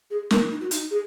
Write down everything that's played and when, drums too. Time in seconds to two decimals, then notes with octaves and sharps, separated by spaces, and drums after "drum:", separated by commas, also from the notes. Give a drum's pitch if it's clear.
0.11 G#4
0.31 A#4, drum: snare
0.50 D#4
0.61 F#4
0.71 D#4, drum: hi-hat
0.91 G#4